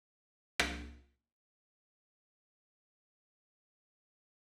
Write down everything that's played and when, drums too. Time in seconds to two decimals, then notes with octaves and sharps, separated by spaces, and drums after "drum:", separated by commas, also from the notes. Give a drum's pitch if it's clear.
0.20 C3
0.59 drum: rim click
0.99 C#3 C#4 G4 A5
2.37 F#4 A4
2.99 G#3 F#4